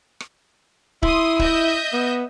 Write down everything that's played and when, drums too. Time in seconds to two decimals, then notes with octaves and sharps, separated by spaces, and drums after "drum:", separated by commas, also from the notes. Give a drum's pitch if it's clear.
0.20 drum: rim click
1.02 E4 C6 D#6, drum: kick D1
1.39 D#5 E5 G6, drum: kick D1
1.93 B3